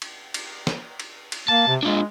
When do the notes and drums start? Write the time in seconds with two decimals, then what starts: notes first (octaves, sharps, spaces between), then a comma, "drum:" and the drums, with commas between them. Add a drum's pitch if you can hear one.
0.02 drum: cymbal
0.34 drum: cymbal
0.67 drum: snare
1.00 drum: cymbal
1.32 drum: cymbal
1.48 A#3 A5
1.68 C3
1.83 G#3 D4 F4